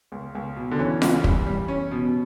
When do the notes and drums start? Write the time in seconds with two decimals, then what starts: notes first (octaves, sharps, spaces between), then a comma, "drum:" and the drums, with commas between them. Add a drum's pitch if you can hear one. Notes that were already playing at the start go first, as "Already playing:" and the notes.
0.12 C#2
0.35 C#2
0.57 B2
0.71 D3
0.79 E3 C#4
1.02 C#2, drum: snare F4
1.24 G3, drum: kick
1.47 G3
1.68 C#4
1.91 B2